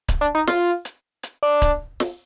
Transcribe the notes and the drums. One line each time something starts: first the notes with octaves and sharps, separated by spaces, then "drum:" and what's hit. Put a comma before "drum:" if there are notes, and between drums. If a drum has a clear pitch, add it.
drum: kick C#1, hi-hat
D4
D#4
F4, drum: snare
drum: hi-hat
drum: hi-hat
D4
drum: kick C#1, hi-hat
drum: snare